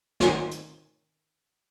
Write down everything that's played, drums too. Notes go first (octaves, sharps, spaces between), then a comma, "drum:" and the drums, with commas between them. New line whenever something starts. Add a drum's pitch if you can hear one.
D#3 D#4 C#5 G#5 C6 C7, drum: snare
drum: hi-hat